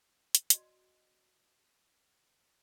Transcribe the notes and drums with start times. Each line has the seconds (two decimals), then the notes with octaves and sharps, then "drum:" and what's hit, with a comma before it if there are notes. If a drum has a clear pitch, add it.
0.35 drum: hi-hat
0.50 F#4 D5 D#5 C6, drum: hi-hat